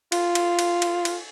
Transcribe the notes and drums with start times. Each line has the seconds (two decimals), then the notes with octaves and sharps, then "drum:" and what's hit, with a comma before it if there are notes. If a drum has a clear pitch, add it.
0.12 F4, drum: cymbal
0.35 drum: cymbal
0.59 drum: cymbal
0.82 drum: cymbal
1.05 drum: cymbal